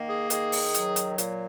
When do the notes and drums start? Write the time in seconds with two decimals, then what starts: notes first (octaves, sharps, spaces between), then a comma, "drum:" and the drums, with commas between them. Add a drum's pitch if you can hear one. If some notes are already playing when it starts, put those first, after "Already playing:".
Already playing: D#3 A#3
0.08 G#4
0.30 D#3 G#4, drum: hi-hat
0.52 drum: open hi-hat
0.74 F#3, drum: hi-hat
0.96 drum: hi-hat
1.18 A#2, drum: hi-hat